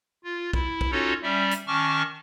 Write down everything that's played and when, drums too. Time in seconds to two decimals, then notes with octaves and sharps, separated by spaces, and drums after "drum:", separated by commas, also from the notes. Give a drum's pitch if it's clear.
0.24 F4
0.53 E4, drum: kick
0.81 drum: kick
0.91 C#4 D#4 F4 F#4 A4 C#5
1.23 G3 C#4 D5 E5
1.51 drum: hi-hat
1.67 D#3 C#4 A5 C#6 D6 F6